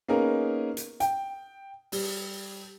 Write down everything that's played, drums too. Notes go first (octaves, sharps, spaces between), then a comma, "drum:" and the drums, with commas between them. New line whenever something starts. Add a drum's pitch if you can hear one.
A#3 B3 C#4 D#4 G#4 A#4
drum: hi-hat
G5, drum: hi-hat
G3, drum: open hi-hat